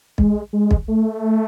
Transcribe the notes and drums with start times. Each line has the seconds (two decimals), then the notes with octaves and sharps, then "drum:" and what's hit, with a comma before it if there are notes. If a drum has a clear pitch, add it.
0.18 G#3, drum: kick
0.53 G#3
0.71 drum: kick
0.88 A3